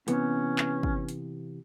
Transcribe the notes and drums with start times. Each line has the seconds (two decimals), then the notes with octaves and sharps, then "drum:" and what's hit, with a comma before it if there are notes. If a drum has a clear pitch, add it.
0.08 C3 E3 B3 C#4, drum: hi-hat
0.58 drum: clap
0.83 drum: kick
1.09 drum: hi-hat